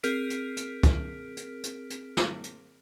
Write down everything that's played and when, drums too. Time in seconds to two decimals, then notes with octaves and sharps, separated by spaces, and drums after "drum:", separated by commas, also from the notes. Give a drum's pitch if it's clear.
0.03 C4 G#4 A#4 F6 B6 D7, drum: hi-hat
0.30 drum: hi-hat
0.57 drum: hi-hat
0.83 drum: kick, hi-hat
1.37 drum: hi-hat
1.64 drum: hi-hat
1.90 drum: hi-hat
2.17 drum: snare
2.44 drum: hi-hat